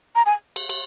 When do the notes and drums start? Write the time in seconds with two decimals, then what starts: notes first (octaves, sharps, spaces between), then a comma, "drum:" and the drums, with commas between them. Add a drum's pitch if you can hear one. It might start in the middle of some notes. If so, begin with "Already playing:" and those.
0.15 A#5
0.26 G#5
0.56 drum: cymbal
0.69 drum: cymbal